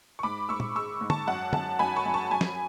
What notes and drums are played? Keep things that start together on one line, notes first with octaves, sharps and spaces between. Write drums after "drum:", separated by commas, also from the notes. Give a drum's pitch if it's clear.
C#6
G#2 B5 D6
G#2 C#6 E6
drum: tom
G#3 C#6 E6
G#2
A5 C#6, drum: tom
F#2 F#5 A5
F#2 F#5 A5, drum: tom
F#2 G#5 B5
A5 C#6
F#2
A5 C#6
F#2 G#5 B5
drum: snare